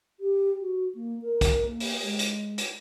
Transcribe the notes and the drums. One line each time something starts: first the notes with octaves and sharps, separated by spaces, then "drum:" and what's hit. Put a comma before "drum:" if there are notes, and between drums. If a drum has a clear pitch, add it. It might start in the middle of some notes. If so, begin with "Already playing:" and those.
G4
F#4
A#3
A#4
drum: kick, hi-hat
A#3
drum: open hi-hat
G#3
drum: hi-hat
drum: hi-hat